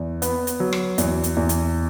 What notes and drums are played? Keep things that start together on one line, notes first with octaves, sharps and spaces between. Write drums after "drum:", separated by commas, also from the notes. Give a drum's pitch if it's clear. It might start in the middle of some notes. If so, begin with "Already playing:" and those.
Already playing: E2
B3, drum: hi-hat
drum: hi-hat
F#3
drum: rim click
E2, drum: hi-hat
drum: hi-hat
E2
drum: hi-hat